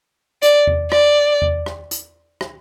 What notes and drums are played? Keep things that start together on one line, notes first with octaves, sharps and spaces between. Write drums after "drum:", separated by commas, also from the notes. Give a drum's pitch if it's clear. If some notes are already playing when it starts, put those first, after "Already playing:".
D5, drum: hi-hat
drum: tom E2
D5, drum: rim click
drum: tom E2
drum: rim click
drum: hi-hat
drum: rim click